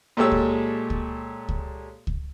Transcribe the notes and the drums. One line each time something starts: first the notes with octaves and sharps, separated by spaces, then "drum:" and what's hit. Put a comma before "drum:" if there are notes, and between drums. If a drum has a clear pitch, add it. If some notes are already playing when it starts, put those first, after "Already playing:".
A#2 G#3 G4 A4 C#5 E6
drum: kick C#2
drum: kick C#2
drum: kick C#2
drum: kick C#2